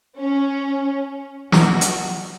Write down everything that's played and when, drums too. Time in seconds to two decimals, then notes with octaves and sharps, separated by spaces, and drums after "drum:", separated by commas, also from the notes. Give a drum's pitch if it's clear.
0.19 C#4
1.52 F#3 F#4, drum: snare
1.81 drum: hi-hat